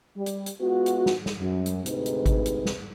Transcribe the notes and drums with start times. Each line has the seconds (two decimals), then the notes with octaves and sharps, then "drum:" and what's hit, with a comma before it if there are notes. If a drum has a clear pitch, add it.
0.17 G3
0.26 drum: hi-hat
0.46 drum: hi-hat
0.61 G#3 B3 F4 F#4
0.86 drum: hi-hat
1.06 drum: snare
1.26 drum: snare
1.39 F#2
1.66 drum: hi-hat
1.86 D2 G#2 C3 G#3 D#4 B4, drum: hi-hat
2.06 drum: hi-hat
2.26 drum: kick G#1, hi-hat
2.46 drum: hi-hat
2.66 drum: snare